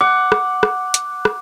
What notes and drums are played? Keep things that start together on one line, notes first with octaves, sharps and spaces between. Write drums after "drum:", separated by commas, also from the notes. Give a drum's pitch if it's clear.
F#5 D6
drum: rim click
drum: rim click
drum: hi-hat
drum: rim click